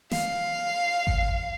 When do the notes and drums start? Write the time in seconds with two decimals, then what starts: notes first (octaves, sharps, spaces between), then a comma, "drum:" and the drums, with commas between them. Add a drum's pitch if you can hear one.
0.11 F5, drum: snare
1.07 drum: kick G#1